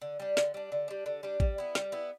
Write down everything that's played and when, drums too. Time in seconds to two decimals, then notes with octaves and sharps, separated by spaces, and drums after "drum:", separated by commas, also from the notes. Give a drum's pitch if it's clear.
0.01 D3
0.20 G3 D4
0.37 D3, drum: snare
0.54 G3 D4
0.72 D3
0.88 G3 D4
1.06 D3
1.23 G3 D4
1.40 G3, drum: kick
1.58 B3 E4
1.75 G3, drum: snare
1.92 B3 E4